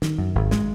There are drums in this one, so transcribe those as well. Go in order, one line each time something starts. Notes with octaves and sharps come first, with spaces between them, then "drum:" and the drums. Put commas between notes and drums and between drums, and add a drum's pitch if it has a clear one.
D#3, drum: snare
F#2
G#1
G#3, drum: snare